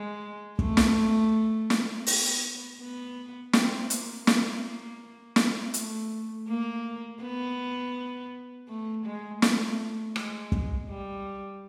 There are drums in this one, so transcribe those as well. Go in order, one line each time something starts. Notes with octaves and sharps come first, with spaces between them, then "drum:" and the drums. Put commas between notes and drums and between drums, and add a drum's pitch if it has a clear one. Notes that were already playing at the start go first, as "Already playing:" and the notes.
Already playing: G#3
A3, drum: kick
drum: snare
drum: snare
B3, drum: open hi-hat
B3
C4, drum: snare
A#3, drum: hi-hat
A#3, drum: snare
drum: snare
A3, drum: hi-hat
A#3
B3
A3
G#3
A3, drum: snare
G#3, drum: rim click
drum: kick
G3